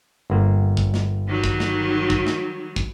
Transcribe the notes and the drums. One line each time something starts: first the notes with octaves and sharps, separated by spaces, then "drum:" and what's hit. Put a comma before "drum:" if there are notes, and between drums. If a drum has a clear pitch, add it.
G1 A#3
drum: kick
drum: snare
D#3 F#3 G3
drum: kick
drum: snare
drum: kick
drum: snare
drum: kick